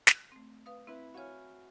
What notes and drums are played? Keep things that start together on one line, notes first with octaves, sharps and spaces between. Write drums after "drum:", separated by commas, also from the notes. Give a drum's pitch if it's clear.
drum: snare
A3 C4
B4 F5 D#6
C4 E4 B4
F#4 C#5 E5 F5 G#5 F6